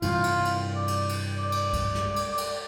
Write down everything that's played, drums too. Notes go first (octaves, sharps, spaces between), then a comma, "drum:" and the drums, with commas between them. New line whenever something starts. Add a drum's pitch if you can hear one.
G2 C3 E3 F4, drum: cymbal
drum: cymbal
drum: cymbal
D5
drum: cymbal
drum: cymbal
D5
drum: cymbal
drum: kick, cymbal
drum: snare
drum: cymbal
drum: cymbal